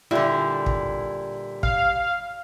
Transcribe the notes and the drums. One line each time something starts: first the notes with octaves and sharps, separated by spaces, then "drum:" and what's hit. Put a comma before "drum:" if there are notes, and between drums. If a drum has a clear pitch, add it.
A#2 D3 G3 E4
drum: kick
F5, drum: kick